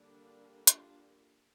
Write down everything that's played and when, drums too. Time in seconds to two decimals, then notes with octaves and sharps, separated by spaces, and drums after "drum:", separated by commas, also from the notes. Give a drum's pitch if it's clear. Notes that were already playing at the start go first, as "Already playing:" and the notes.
Already playing: D3 G3 A#3 D4
0.67 D4 F4, drum: hi-hat